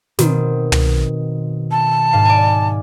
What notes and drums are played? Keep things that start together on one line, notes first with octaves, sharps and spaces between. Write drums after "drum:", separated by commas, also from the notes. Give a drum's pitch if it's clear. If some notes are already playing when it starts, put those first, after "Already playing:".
B2 D#3 C4, drum: snare
drum: tom
A5
G#2 F5
D5 G#5